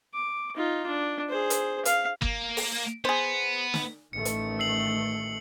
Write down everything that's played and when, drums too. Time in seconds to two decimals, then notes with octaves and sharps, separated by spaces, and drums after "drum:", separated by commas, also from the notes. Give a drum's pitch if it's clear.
0.14 D6
0.56 D#4 F4
0.87 D4
1.29 G#4 C5
1.50 drum: hi-hat
1.85 F5, drum: hi-hat
2.22 A#3, drum: kick G1
2.57 drum: open hi-hat
3.05 B3 G#4 C5
3.74 drum: snare
4.13 A1 D#3 A3 C#7
4.25 drum: hi-hat
4.59 E6 C7 F#7